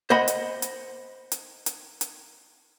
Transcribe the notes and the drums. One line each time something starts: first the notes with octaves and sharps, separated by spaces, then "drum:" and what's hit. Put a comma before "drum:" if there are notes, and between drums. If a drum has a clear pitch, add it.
C5 D#5 F#5 B5
drum: hi-hat
drum: hi-hat
drum: hi-hat
drum: hi-hat
drum: hi-hat